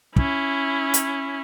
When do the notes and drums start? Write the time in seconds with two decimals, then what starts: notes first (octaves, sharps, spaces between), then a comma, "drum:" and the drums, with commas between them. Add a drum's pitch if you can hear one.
0.16 C#4 E4, drum: kick
0.94 drum: hi-hat